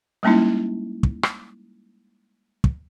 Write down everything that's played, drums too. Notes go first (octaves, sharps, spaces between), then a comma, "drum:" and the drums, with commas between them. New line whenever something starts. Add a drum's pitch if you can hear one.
G3 G#3 A#3 C#4 D#4 E4
drum: kick
drum: rim click
drum: kick